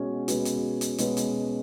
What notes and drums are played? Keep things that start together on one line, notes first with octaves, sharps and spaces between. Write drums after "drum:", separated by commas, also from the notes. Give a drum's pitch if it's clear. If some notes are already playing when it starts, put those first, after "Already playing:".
Already playing: B2 G#3 C#4 F#4
B2 G#3 C#4 F#4 B4, drum: hi-hat
drum: hi-hat
drum: hi-hat
B2 G#3 C#4 F#4 B4, drum: hi-hat
drum: hi-hat